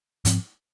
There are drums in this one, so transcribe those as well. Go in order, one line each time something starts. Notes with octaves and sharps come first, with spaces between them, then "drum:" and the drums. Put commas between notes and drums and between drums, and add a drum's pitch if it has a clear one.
G#2 F3 C4, drum: hi-hat